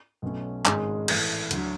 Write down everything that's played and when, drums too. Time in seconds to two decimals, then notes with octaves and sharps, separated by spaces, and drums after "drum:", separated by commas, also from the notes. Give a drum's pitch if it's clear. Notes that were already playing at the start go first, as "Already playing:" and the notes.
0.22 B1 B2 A3 C#4
0.65 G#1 G#2 G#3 C#4 G#4, drum: clap
1.08 A2 E3 A3, drum: cymbal
1.51 D2 D3 F#3, drum: hi-hat